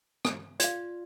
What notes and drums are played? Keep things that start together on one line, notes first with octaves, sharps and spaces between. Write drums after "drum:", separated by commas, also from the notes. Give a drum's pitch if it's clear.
drum: rim click
F4 D5 F5, drum: hi-hat